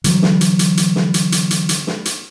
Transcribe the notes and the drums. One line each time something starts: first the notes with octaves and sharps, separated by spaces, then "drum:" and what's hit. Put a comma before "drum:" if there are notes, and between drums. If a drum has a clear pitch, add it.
D3 E3 F#3, drum: hi-hat
drum: snare
drum: hi-hat
drum: hi-hat
drum: hi-hat
drum: snare
drum: hi-hat
drum: hi-hat
drum: hi-hat
drum: hi-hat
drum: snare
drum: hi-hat